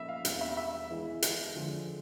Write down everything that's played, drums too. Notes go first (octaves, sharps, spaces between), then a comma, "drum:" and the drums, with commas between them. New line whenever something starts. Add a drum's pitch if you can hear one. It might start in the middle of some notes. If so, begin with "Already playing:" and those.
Already playing: F3 A#3 C#4 F4 A4 D#5 E5
F5
E2 B2 G3 B3 D4 F5, drum: hi-hat
E5
E5
E3 G#3 B3 E4
drum: hi-hat
D3 F3 G#3